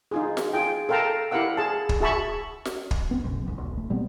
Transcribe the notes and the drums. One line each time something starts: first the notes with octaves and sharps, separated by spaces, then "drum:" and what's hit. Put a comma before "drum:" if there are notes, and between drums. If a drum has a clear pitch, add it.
D#4 F4 G#4
drum: snare
F4 G#4 G5
A4 A#4 F5 G5 A5 A#5
E4 G4 A#4 F5 F#5 E6
G#4 A5
drum: kick
F#4 G#4 E5 A5 B5 C#6
drum: snare
drum: kick
B3 C4
B1 F#2 C#3
E1 C#2 G#2
D#1 B1 B2
A3
A#2 G3 B3 C4